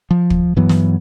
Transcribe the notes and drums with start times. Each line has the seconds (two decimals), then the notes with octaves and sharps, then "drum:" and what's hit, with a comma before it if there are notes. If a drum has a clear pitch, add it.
0.11 F3
0.30 drum: kick
0.56 G2 E3 F#3 B3
0.69 drum: snare